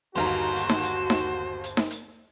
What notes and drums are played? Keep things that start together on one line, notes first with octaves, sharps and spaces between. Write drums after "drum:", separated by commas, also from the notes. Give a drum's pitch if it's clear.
G1 D#2 F#4 C5 A#5
drum: hi-hat
drum: snare D#4
drum: hi-hat
drum: snare D#4
drum: hi-hat
drum: snare D#4
drum: hi-hat